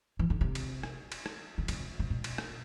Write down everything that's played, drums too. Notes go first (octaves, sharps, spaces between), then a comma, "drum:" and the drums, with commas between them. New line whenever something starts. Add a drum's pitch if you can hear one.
E3
D3
C3
drum: cymbal
drum: rim click
drum: cymbal
drum: rim click
D3
C3, drum: cymbal
C3
B2
drum: cymbal
drum: rim click